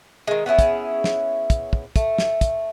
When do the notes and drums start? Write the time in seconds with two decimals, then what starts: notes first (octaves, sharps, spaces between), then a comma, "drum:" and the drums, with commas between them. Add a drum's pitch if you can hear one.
0.27 D#3 G#3
0.46 B3 C#4 E4 G#4
0.59 drum: kick, hi-hat
1.04 drum: snare
1.50 drum: kick, hi-hat
1.73 drum: kick
1.96 A3, drum: kick, hi-hat
2.18 drum: snare
2.41 drum: kick, hi-hat